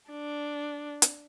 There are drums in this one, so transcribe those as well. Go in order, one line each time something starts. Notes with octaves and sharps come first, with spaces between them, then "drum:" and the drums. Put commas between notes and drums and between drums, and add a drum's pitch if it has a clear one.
D4
drum: hi-hat